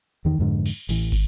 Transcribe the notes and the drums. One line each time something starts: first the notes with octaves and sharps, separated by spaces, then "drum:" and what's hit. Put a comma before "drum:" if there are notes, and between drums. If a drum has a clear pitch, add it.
E2 D#3
F2 G#2 D3
drum: cymbal
A1 E3, drum: cymbal
drum: kick, cymbal